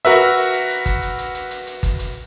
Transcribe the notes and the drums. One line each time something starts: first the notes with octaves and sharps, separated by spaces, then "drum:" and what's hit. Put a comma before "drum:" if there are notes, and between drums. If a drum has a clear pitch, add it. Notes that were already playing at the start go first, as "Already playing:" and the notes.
F#4 A#4 B4 E5, drum: hi-hat
drum: hi-hat
drum: hi-hat
drum: hi-hat
drum: hi-hat
drum: kick G1, hi-hat
drum: hi-hat
drum: hi-hat
drum: hi-hat
drum: hi-hat
drum: hi-hat
drum: kick G1, hi-hat
drum: hi-hat